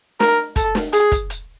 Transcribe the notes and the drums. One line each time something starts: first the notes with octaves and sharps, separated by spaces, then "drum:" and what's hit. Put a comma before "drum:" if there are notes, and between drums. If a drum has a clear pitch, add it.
A#4, drum: snare
A4, drum: kick, hi-hat
drum: snare
G#4, drum: hi-hat
drum: kick, hi-hat
drum: hi-hat